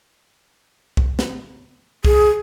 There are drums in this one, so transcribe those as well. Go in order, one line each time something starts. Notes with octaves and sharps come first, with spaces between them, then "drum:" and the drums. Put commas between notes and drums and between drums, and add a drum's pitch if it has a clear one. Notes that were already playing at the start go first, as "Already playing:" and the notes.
drum: kick C2
drum: snare
G#4, drum: kick C2